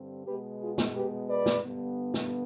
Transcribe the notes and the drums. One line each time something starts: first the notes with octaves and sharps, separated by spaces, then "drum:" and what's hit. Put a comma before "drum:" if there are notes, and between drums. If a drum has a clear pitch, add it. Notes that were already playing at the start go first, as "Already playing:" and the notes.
Already playing: G2 D3 G3 C4
B2 G#3 B3 G4 B4
F4 G#4
drum: snare
G4 B4
B4 D5
drum: snare
G2 D3 G3 B3
drum: snare